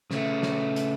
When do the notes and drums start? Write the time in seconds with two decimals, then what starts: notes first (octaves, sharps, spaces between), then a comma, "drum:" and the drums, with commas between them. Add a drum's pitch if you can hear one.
0.11 C#3 A3, drum: snare
0.43 drum: snare
0.76 drum: hi-hat